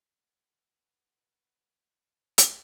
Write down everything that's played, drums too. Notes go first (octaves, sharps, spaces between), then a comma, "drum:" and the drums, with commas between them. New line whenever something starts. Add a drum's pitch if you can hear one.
B4 F#5
drum: hi-hat